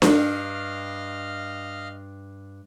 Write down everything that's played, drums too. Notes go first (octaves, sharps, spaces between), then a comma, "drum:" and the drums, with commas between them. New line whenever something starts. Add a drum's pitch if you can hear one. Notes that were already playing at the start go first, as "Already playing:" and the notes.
G2 D#5 F5 F6, drum: snare D4